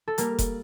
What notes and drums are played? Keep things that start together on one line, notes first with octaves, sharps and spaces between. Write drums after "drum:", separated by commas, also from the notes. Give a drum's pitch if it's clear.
A4
G3 A#3 A#4, drum: hi-hat
drum: kick F1, hi-hat